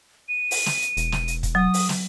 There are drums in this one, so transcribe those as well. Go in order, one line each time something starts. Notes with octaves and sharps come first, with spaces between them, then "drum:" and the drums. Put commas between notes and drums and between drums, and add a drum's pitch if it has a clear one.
D#7
drum: open hi-hat
drum: snare
drum: hi-hat
E1, drum: hi-hat
drum: snare
drum: hi-hat
drum: kick, hi-hat
F#3 D#6
drum: open hi-hat
drum: snare